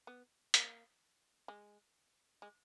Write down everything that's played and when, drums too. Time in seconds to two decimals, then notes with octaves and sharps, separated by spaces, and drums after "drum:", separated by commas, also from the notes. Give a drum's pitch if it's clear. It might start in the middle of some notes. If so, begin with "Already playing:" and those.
0.07 B3
0.54 A#3, drum: hi-hat
1.48 G#3
2.42 G#3